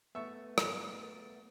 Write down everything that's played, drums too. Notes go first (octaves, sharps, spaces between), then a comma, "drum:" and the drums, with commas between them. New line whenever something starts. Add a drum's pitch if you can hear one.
A3 B3 E5 C#6
drum: rim click